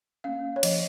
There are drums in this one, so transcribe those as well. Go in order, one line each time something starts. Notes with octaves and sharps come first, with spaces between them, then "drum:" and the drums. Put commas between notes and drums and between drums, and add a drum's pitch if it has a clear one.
A#3 C#4 F5
C#5
F3 D#5, drum: cymbal